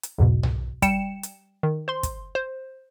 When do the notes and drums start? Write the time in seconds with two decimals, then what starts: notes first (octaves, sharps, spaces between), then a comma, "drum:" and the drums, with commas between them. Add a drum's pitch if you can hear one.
0.03 drum: hi-hat
0.18 B1 E2 G#2 B2
0.43 drum: tom B1
0.82 G3 G5 C#7 E7, drum: kick, hi-hat
1.23 drum: hi-hat
1.63 D#3
1.88 C5 C6
2.03 drum: kick, hi-hat
2.35 C5